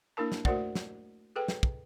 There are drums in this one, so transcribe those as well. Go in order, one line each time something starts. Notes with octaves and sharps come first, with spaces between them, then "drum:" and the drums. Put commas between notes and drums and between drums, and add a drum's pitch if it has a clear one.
A#3 D4 E4 A#4 A5
drum: snare
A3 F#4 A#4 C5 D5 F#5, drum: kick
drum: snare
G#4 A4 B4 G5
drum: snare
drum: kick